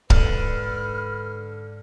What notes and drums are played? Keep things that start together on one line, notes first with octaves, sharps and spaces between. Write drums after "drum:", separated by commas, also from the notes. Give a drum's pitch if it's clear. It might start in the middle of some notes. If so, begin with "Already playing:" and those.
G#2 D3 B4 F6, drum: kick C#1